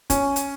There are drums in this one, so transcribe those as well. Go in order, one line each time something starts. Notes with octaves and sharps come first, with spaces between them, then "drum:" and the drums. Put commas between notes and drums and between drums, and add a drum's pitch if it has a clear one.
C#4, drum: kick, hi-hat
drum: hi-hat